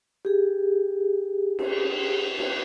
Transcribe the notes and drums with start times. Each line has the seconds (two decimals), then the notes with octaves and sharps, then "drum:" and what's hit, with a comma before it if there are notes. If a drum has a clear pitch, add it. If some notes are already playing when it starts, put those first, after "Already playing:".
0.25 G4 G#4
1.59 drum: cymbal
2.39 drum: cymbal